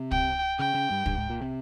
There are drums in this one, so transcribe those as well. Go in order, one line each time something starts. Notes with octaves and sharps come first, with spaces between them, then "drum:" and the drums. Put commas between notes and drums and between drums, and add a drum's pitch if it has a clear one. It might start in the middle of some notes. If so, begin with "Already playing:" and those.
Already playing: C3
G5, drum: kick
C#3 G5
C#3
G2
G2, drum: kick
G#2
A#2
C3